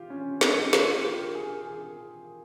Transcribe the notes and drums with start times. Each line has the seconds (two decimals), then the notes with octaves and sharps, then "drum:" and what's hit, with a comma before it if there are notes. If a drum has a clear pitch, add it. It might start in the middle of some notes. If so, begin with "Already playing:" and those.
Already playing: F4 G4
0.10 C#4
0.41 D#4, drum: snare
0.73 F4, drum: snare
0.94 G4
1.15 A#4
1.35 G#4
1.67 G#4